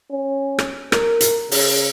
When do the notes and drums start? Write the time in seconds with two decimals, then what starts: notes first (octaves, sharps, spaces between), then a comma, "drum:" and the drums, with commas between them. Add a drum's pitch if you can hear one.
0.11 C#4
0.59 drum: rim click
0.92 A#4, drum: rim click
1.20 drum: hi-hat
1.51 C#3, drum: open hi-hat